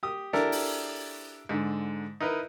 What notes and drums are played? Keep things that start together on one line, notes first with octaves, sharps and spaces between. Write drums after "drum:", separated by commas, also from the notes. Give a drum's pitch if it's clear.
G4 D#6
D4 E4 G4 A4 A#4, drum: snare
drum: open hi-hat
G#2 D3
D#4 E4 A#4 B4